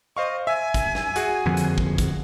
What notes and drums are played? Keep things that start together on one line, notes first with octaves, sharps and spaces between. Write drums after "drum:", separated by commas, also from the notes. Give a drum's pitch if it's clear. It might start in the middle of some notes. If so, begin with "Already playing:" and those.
C5 D#5 F5 C#6
E5 G#5
drum: kick, hi-hat
drum: snare
F#4 G#4, drum: hi-hat
F2 D3 F3
drum: hi-hat
drum: kick
drum: kick, hi-hat